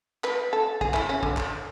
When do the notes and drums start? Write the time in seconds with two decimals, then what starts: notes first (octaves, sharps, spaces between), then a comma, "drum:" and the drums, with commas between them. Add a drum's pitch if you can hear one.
0.24 B4, drum: clap
0.53 A4
0.81 G#4, drum: kick
0.94 E4, drum: clap
1.09 C#4
1.23 D3, drum: kick
1.37 drum: clap